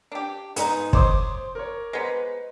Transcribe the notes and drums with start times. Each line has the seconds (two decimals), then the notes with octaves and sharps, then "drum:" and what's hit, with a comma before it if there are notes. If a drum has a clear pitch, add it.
0.12 D4 G4
0.56 G#2 B3 D#4 G#4, drum: hi-hat
0.93 C5 C#5 D6 D#6, drum: kick
1.55 A#4 C#5
1.93 G#3 B3 B4 C5 A#5